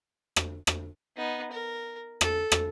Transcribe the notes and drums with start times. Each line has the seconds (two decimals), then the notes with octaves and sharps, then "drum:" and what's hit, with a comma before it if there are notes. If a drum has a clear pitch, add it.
0.36 drum: rim click
0.67 drum: rim click
1.16 B3 D#4
1.51 A#4
2.21 A4, drum: rim click
2.52 drum: rim click